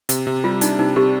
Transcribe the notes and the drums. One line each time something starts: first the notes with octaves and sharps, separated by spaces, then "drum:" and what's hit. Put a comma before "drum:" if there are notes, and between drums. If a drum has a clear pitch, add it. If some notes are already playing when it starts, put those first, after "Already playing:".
C3, drum: hi-hat
C3
G3 F4
D4 D#4, drum: hi-hat
C3 D#4
C3 G4